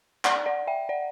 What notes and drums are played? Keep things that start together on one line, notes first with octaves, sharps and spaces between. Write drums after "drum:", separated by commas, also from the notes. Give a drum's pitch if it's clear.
D5 F#5, drum: clap
D5 F#5
E5 G5
D5 F#5